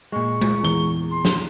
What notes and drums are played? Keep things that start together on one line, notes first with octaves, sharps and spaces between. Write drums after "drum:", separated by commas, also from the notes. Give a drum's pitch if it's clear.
A#2 G#3 C#6
drum: tom G#3
E2 G7
C6
drum: snare